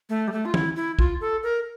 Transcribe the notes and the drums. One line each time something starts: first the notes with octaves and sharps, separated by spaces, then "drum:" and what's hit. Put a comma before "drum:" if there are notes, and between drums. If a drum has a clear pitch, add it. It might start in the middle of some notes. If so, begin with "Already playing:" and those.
A3
G3
A3
F4
E4, drum: tom E3
E4
F4, drum: kick
A4
A#4